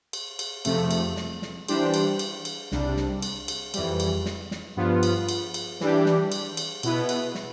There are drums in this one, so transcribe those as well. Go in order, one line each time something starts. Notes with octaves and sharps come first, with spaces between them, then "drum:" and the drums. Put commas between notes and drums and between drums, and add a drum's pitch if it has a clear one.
drum: cymbal
drum: cymbal
F2 C3 F3 A3, drum: cymbal
drum: cymbal
drum: snare
drum: snare
E3 G3 D4 G4 C5, drum: cymbal
drum: cymbal
drum: cymbal
drum: cymbal
C2 C3 G3 D4, drum: snare
drum: snare
drum: cymbal
drum: cymbal
F2 E3 G3, drum: cymbal
drum: cymbal
drum: snare
drum: snare
G2 F3 B3 F4
drum: cymbal
drum: cymbal
drum: cymbal
E3 G3 D4 G4, drum: snare
drum: snare
drum: cymbal
drum: cymbal
B2 B3 E4 B4, drum: cymbal
drum: cymbal
drum: snare